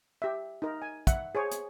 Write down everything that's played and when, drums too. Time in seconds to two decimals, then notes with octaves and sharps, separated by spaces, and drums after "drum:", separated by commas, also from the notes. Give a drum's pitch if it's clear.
0.22 G4 E5
0.62 D#4 A#4
0.82 G#5
1.07 E5 F#5, drum: kick, hi-hat
1.35 G#4 C5 C#5
1.51 drum: hi-hat